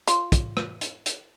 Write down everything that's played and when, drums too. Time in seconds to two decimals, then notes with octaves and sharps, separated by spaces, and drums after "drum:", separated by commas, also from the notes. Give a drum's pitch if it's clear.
0.07 F4, drum: hi-hat
0.32 drum: kick, hi-hat
0.57 drum: rim click
0.81 drum: hi-hat
1.06 drum: hi-hat